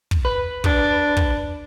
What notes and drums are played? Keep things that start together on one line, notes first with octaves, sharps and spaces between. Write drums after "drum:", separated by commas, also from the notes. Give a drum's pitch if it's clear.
drum: kick
B4
D4, drum: kick
drum: kick